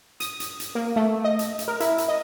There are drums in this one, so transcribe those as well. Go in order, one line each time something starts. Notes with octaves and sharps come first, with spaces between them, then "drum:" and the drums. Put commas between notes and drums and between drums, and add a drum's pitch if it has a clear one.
D#6, drum: hi-hat
drum: hi-hat
drum: hi-hat
A#3
A3
D#5
drum: hi-hat
drum: hi-hat
A#4
E4, drum: hi-hat
drum: hi-hat
D#5